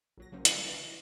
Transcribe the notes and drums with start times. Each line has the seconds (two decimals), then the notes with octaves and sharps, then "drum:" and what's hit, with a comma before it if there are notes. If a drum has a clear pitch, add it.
0.18 A#1 F#3 A#6
0.32 C#3 F#3 A#3 C4 C#4
0.45 D3 E3 G3 C#4 E4, drum: hi-hat
0.66 D4 B4 E5
0.85 A#6